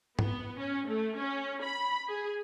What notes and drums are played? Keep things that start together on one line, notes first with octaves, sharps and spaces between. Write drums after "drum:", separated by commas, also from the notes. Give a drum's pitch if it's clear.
B3, drum: tom G#2
C#4
A3
C#4
B5
G#4